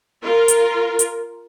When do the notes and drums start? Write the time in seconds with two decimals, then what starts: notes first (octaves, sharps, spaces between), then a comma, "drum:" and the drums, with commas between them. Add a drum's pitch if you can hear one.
0.23 F4 A#4
0.48 drum: hi-hat
0.99 drum: hi-hat